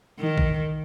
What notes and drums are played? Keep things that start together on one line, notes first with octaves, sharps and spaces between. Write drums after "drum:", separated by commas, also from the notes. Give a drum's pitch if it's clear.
D#3
drum: kick A#1